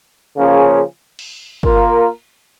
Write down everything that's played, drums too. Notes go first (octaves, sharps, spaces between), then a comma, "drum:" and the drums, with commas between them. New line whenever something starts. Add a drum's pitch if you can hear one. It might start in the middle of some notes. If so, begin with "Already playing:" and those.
C#3 F3 A#3 C#4 G#4
drum: cymbal
A#3 F4 A#4, drum: kick